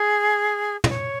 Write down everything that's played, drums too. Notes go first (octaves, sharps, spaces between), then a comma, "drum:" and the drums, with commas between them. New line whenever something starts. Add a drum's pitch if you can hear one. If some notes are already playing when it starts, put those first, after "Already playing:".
Already playing: G#4
D#5, drum: tom
C#5